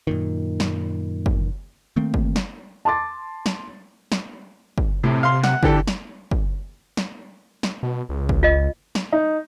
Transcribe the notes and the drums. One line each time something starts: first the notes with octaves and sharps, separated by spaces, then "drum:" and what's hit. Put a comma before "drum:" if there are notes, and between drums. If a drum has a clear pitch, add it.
F#2 A#2 D#3
drum: snare
drum: kick
D#3 A3 A#3 C4
drum: kick
drum: snare
A5 C6 D6 A6
drum: snare
drum: snare
drum: kick
A2 C3
F5 C6
F#5, drum: snare
D3 E3 G4 A4, drum: kick
drum: snare
drum: kick
drum: snare
drum: snare
B2
C#2
drum: kick
F4 D#5
drum: snare
D#4